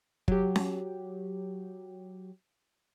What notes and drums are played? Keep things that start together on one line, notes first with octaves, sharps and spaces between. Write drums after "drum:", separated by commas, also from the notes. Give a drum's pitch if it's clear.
F#3 G4, drum: kick
drum: snare C#4